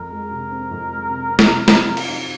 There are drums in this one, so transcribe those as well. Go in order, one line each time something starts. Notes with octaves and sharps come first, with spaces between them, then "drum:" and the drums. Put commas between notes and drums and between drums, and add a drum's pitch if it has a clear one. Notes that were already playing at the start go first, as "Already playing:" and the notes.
Already playing: F2 A#4
G#3
C3
C4
F2
G#3
C3
C4
drum: snare
C3
C4, drum: snare
F3
drum: cymbal
D#4